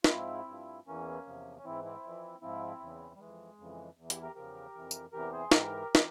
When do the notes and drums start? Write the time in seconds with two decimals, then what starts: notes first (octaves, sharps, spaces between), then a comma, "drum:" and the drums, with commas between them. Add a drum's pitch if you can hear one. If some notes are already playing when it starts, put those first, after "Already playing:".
0.04 F4, drum: snare
0.09 G#2 F3 C4 E4
0.48 G2 F3
0.87 E2 E3 A#3 C#4
1.26 E2 C3 F3
1.57 C#4
1.64 G#2 E3 C4 E4
1.84 C4 E4
2.03 F2 E3
2.42 G#2 F3 C4 E4
2.80 E2 C#3 E3
3.15 G3
3.19 F2 E3 G#3
3.59 F2 C#3 E3
3.97 E2 E3
4.10 E4 G4, drum: hi-hat
4.22 G4 A#4
4.35 E2 C#3 F3 G4 A#4
4.75 F2 C3 E3
4.91 drum: tambourine
5.13 E2 C3 E3 G4 A#4
5.32 G#4 C5
5.52 G#2 E3 G4 A#4, drum: snare
5.95 E3, drum: snare